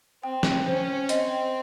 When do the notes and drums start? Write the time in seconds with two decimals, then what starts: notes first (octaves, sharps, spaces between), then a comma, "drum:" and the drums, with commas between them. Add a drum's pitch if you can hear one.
0.24 C4 G5
0.43 drum: snare
0.66 C#4 C5
1.09 C4 D#5, drum: hi-hat